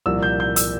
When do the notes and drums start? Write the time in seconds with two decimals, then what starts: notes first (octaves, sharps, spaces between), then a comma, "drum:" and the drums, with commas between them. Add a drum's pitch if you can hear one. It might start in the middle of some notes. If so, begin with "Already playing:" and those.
0.06 C2 A#2 F3 A#3 E6
0.23 G6
0.40 G6
0.56 E6, drum: hi-hat